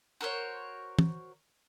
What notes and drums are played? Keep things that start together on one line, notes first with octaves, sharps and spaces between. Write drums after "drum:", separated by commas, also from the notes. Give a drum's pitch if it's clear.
F#4 A#4 C5 C#5
drum: tom